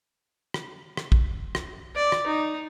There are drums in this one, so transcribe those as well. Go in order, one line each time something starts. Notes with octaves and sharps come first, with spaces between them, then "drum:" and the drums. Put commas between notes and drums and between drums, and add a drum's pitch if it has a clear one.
drum: rim click
drum: rim click
drum: kick
drum: rim click
D5
drum: rim click
D#4